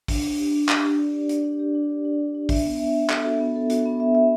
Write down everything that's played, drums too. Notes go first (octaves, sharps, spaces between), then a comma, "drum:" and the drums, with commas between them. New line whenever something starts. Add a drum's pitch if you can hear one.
D4, drum: kick A#1, open hi-hat
D4
G4
D4
G4, drum: clap
G4
D5
D5
G4, drum: hi-hat
D4
G4
D4
D5
D4
D4
D4
E5, drum: kick A#1, open hi-hat
B3
E5
E5
A4, drum: clap
F#4
B3
A4
F#4, drum: hi-hat
B3
E5
E5